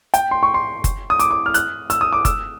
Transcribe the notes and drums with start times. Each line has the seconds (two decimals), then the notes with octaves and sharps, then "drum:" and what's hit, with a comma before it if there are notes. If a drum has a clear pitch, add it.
0.14 G5, drum: hi-hat
0.31 C6
0.43 C#6
0.54 C6
0.84 drum: kick F#1, hi-hat
1.10 D#6
1.19 D6, drum: hi-hat
1.31 D6
1.46 F6
1.54 F#6, drum: hi-hat
1.90 E6, drum: hi-hat
2.01 D#6
2.13 D6
2.25 E6, drum: kick F#1, hi-hat